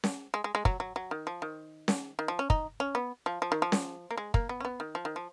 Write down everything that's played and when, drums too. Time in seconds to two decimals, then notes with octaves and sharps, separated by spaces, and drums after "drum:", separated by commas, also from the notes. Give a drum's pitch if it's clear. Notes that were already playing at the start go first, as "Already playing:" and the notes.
0.04 drum: snare C#4
0.34 G#3
0.44 G#3
0.55 G#3
0.65 F#3, drum: kick
0.80 F#3
0.96 F#3
1.11 D#3
1.27 F3
1.42 D#3
1.88 drum: snare C#4
2.19 D#3
2.28 F3
2.39 C#4
2.50 D#4, drum: kick
2.80 C#4
2.95 B3
3.26 F3
3.42 F3
3.52 D#3
3.62 F3
3.72 drum: snare C#4
4.11 A#3
4.17 G#3
4.34 A#3, drum: kick
4.49 B3
4.60 C#4
4.65 B3
4.80 D#3
4.95 F3
5.05 D#3
5.16 F3